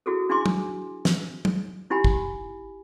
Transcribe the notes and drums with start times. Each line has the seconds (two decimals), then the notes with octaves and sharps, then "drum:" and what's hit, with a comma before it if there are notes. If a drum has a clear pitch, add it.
0.06 E4 F#4 G#4 A4
0.29 D4 E4 G#4 G#5 C6 D6
0.46 drum: tom
1.05 drum: snare
1.45 drum: tom
1.90 D#4 E4 G4 G#5 B5
2.04 drum: kick